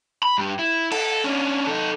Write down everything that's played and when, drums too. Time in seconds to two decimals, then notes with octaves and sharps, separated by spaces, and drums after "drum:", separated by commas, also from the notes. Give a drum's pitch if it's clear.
0.23 B5
0.38 G2 G3
0.59 E4
0.92 A4, drum: cymbal
1.24 C#4 D4
1.67 D#4 A4